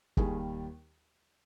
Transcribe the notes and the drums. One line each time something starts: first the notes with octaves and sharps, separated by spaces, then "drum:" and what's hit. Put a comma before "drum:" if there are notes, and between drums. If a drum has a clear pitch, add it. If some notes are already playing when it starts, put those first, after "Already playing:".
D#2 D#3 G3 G#4, drum: kick